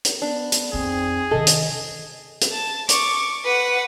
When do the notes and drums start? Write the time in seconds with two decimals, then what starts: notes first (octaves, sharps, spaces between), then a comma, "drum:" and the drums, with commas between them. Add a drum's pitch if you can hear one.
0.05 drum: hi-hat
0.22 B3 D4
0.52 drum: hi-hat
0.73 F2 C4 D#4 G#4
1.31 C3 D#3 A4 D#5
1.47 drum: hi-hat
2.41 drum: hi-hat
2.52 A5
2.89 C#6 D6, drum: hi-hat
3.45 B4 F#5